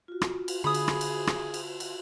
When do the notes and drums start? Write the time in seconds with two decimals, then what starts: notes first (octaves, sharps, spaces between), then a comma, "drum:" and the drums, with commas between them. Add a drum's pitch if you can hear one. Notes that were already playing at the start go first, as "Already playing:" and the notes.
0.08 F4 F#4
0.22 drum: rim click
0.48 drum: cymbal
0.64 D3 G#4 B5 D#6
0.74 drum: cymbal
0.88 drum: rim click
1.01 drum: cymbal
1.27 drum: rim click
1.54 drum: cymbal
1.80 drum: cymbal